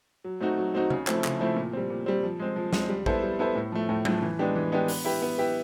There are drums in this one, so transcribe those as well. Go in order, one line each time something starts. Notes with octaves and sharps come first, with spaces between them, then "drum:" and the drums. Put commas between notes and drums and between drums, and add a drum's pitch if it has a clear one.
F#3
A3 C4 D#4 F#4
F#3
A3 C4 D#4 F#4
C#3, drum: tom C#3
F3 A3 C4 E4, drum: clap
C#3, drum: clap
F3 A3 C4 E4
A#2
G3 C4
A#2
G3 C4
F3
G#3 C4
F3
G#3 C4, drum: snare
G3
B3 E4 A4 C5, drum: kick A#1
G3
B3 E4 A4 C5
A2
F3 A3
A2
F3 A3, drum: tom F#3
E3
G#3 B3 D4 G4
E3
G#3 B3 D4 G4
B3, drum: open hi-hat
E4 G4 B4
B3
E4 G4 B4